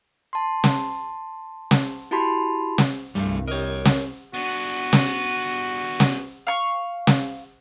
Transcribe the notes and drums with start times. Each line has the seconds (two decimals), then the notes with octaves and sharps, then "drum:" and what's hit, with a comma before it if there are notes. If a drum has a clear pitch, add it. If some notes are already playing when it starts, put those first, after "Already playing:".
0.33 A5 C6
0.64 drum: snare
1.71 drum: snare
2.11 E4 F#4 G4 A5 B5 C6
2.78 drum: snare
3.15 C2 G2 G3 A3 A4 F5
3.48 G4 A#4 C#5 D#5
3.85 drum: snare
4.34 B3 D4 F#4
4.93 drum: snare
6.00 drum: snare
6.47 F5 C#6
7.07 drum: snare